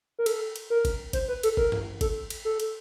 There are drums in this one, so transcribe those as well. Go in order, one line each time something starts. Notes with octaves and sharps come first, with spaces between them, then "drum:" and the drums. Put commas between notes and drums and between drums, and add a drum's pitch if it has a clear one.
A#4
A4, drum: cymbal
drum: cymbal
A#4
drum: kick G1, cymbal
C5, drum: kick G1, cymbal
B4
A4, drum: cymbal
A#4, drum: kick G1
drum: tom G2
A4, drum: kick G1, cymbal
drum: cymbal
A4
drum: cymbal